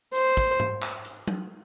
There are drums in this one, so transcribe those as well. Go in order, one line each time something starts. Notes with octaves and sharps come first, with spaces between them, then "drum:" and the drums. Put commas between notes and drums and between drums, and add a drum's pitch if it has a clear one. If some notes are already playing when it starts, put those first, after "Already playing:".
C5, drum: hi-hat
drum: kick
drum: tom G#2
drum: clap
drum: hi-hat
drum: tom F#3